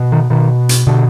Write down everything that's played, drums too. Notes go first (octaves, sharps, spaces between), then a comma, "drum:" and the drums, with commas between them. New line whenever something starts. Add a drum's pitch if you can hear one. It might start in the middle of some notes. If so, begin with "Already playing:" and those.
Already playing: B2
D#3
B2 D#3
drum: hi-hat
B2 D3